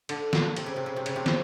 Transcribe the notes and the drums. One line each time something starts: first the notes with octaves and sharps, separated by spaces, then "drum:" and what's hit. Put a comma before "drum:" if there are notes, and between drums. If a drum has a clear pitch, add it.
D3, drum: cymbal
drum: snare
C3, drum: cymbal
C#3
C3
C#3
C3
C#3, drum: cymbal
C3
C#3, drum: snare